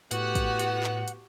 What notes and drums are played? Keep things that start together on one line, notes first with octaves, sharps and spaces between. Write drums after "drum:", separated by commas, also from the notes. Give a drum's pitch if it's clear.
A2 B3 F#4 G4 F#5, drum: hi-hat
drum: kick, hi-hat
drum: hi-hat
drum: clap
drum: hi-hat